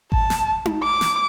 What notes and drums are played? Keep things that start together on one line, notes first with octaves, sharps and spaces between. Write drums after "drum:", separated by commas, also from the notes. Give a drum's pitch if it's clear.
A5, drum: kick G#1
drum: snare
drum: tom D#4
D6
drum: snare